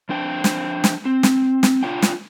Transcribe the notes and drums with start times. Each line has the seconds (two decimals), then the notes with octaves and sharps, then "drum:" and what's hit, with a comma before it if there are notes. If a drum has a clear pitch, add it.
0.09 F3 D4 C5 G5
0.44 drum: snare
0.84 drum: snare
1.05 C4
1.23 drum: snare
1.63 drum: snare
1.83 D4 F4 C#5 G5
2.02 drum: snare